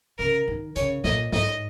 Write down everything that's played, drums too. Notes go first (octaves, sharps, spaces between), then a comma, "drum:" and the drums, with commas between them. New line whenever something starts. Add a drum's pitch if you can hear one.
C#3 A#4
D#3
C#3 C#5, drum: hi-hat
A#2 D#5, drum: snare
G#2 D#5, drum: snare